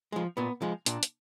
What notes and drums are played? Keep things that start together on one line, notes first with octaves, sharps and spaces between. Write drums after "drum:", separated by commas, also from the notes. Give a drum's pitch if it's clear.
F3 G#3
A#2 B3
F3 G#3
A#2 D4, drum: hi-hat
drum: hi-hat